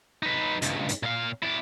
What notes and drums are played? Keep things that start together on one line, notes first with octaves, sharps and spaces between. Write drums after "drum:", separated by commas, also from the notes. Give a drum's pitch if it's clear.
D#4 B4
C#2 G2, drum: hi-hat
drum: hi-hat
A#2 F5
E4 D5